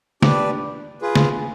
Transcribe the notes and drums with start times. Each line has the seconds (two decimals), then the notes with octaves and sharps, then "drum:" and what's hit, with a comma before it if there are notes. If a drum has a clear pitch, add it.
0.22 D4 G4 B4 D5, drum: snare
1.01 F4 G#4 B4
1.15 drum: snare